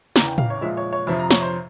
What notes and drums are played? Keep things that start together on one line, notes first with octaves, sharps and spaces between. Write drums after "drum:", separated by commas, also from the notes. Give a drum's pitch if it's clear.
E2 C#3 E3 A#5, drum: snare
G5
F5, drum: tom A2
C#5
A#2 F3 G#3 E5
C#5
C#5
F2 C3 F3 E5
A#5
C#5, drum: snare
C5